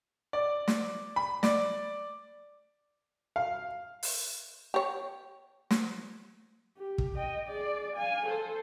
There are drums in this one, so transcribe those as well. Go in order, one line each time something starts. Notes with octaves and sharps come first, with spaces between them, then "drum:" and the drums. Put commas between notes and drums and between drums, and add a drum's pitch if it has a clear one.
D5
drum: snare
B5
D5, drum: snare
F5
drum: open hi-hat
G4 C#5
drum: snare
G4
drum: kick
D#5 G5
G#4 D5
F5 G#5
A4 C5